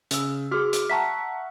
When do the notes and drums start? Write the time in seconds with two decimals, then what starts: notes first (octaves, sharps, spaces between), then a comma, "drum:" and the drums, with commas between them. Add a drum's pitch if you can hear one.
0.11 C#3 E6, drum: hi-hat
0.51 F#4 G#4 C6 D6 F6
0.73 drum: hi-hat
0.90 E5 F#5 A5 A#5 C#6 B6